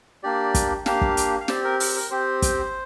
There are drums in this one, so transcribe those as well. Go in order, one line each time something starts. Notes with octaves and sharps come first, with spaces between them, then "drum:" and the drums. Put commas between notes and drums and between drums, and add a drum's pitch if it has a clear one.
A#3 D4 G4 D5
drum: kick, hi-hat
A#3 D4 G4 F5, drum: snare
drum: kick
drum: hi-hat
F5
C4 G4 D5, drum: snare
A#4
A#4, drum: open hi-hat
A#4
C4 G4 C5
drum: kick, hi-hat